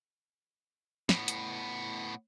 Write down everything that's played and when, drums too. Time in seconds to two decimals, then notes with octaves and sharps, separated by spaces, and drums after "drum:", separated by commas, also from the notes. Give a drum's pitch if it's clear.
1.09 A2 B3, drum: snare
1.28 drum: hi-hat